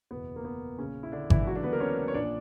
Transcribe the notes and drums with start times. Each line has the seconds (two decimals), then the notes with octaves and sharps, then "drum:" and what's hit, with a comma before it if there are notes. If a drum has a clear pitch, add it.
0.11 F#1 E2 B2 B3
0.36 A#3
0.45 B3
0.79 A#1 A#2 C#3 C#4
1.03 E4
1.12 D3 D4
1.30 E3 E4, drum: kick G#1
1.46 C#2 C#3 E3 F#3 F#4
1.55 D3 D4
1.63 B3 B4
1.73 A#3 A#4
1.80 C#4 C#5
2.08 C#5
2.14 A#1 A#2 D4 D5